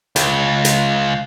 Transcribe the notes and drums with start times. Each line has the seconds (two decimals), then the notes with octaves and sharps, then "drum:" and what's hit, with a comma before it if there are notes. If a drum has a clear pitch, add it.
0.16 C#2, drum: hi-hat
0.65 drum: hi-hat